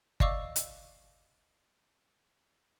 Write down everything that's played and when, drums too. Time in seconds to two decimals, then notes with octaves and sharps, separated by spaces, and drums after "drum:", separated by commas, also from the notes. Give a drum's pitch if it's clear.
0.20 D5 D#5 F5 C#6 D6 E6, drum: kick G1
0.56 drum: hi-hat